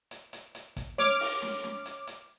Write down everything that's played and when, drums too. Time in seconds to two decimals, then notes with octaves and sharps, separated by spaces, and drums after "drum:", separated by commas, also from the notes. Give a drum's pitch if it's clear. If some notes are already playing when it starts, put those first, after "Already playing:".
0.11 drum: hi-hat
0.33 drum: hi-hat
0.55 drum: hi-hat
0.76 drum: kick, hi-hat
0.98 C#5 D6 F6, drum: snare
1.20 drum: open hi-hat
1.42 drum: snare
1.64 drum: snare
1.86 drum: hi-hat
2.07 drum: hi-hat